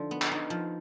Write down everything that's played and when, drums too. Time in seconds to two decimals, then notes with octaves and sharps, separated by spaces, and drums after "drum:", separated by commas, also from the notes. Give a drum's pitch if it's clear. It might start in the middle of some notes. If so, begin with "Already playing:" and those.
Already playing: D3 F3 D#4
0.11 B3
0.22 drum: clap
0.32 D#4
0.50 F3